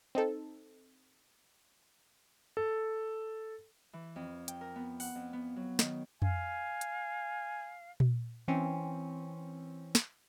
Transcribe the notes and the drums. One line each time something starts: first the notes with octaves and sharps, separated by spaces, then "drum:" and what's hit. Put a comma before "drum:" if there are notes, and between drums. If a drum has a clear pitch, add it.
C4 D#4 A4
A4
E3
F2
G5, drum: hi-hat
A#4
B3
F#5, drum: open hi-hat
F2
B3
F#3
D#3, drum: snare
F5 G#5, drum: tom F2
drum: hi-hat
drum: tom A#2
E3 C4 C#4
drum: snare